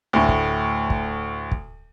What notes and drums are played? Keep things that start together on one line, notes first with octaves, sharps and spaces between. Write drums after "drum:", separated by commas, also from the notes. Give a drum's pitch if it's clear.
D2 A2
drum: kick
drum: kick
drum: kick